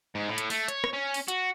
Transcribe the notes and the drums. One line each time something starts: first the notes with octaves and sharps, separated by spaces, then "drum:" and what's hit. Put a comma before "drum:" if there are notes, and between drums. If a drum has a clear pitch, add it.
G#2
A2
drum: hi-hat
A3, drum: open hi-hat
C#5, drum: hi-hat
drum: rim click
C#4
drum: open hi-hat
F#4, drum: hi-hat